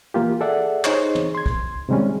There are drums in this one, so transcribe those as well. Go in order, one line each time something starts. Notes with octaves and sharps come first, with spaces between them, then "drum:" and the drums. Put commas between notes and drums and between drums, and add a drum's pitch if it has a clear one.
E3 A#3 F4 G4
G#4 A4 D5 E5 F#5
D#4 G#4 C5 C#5 D#5, drum: clap
drum: tom
C6 G#6
drum: kick
C3 D#3 G3 G#3 C#4